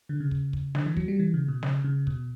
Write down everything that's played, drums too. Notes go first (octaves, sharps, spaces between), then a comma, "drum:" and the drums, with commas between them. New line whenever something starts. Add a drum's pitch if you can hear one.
D3
C#3
drum: kick
drum: kick
D3, drum: snare
E3
F#3, drum: kick
G3
E3
C#3
B2
C#3, drum: snare
C#3
B2, drum: kick